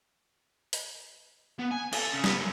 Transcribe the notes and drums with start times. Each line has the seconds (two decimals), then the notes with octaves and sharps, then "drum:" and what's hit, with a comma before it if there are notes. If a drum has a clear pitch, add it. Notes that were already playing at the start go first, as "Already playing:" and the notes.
0.73 drum: open hi-hat
1.59 B3
1.71 G#5
1.93 A4, drum: cymbal
2.12 C#3
2.24 B3, drum: snare
2.37 F#2